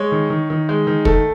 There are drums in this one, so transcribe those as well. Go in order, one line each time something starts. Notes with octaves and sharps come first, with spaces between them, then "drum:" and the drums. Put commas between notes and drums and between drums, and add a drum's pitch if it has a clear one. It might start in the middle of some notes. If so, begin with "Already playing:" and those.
Already playing: G#3 C#5
D#3
D#3
D#3
G#3
D#3
A3 A4, drum: kick